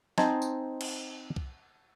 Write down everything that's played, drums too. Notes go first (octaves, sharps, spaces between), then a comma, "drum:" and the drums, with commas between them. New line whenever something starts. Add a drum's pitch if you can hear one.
C4 D#4 C5 D#5 G#5 A5, drum: snare
drum: tambourine
drum: cymbal
drum: kick C2